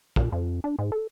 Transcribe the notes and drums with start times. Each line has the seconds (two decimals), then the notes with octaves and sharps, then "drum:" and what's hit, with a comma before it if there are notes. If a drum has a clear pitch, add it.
0.16 A#2, drum: kick
0.32 F2
0.64 D4
0.79 G#2
0.92 A4